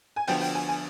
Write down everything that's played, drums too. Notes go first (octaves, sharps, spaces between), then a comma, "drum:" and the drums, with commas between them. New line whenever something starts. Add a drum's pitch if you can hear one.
G#5
D2 D3 F3 B3 G5, drum: open hi-hat
G5
G#5
G#5